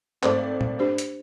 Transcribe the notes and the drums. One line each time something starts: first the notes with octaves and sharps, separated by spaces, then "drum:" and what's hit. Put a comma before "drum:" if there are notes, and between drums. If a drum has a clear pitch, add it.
G#1 A3 C4 C5 D5 D6, drum: clap
drum: tom A#2
D4 G4 C5
drum: hi-hat